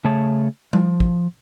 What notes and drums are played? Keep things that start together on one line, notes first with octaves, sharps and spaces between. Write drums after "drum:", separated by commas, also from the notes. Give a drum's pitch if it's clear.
C#3 A3 C#5 A5
F3, drum: tom G3
drum: kick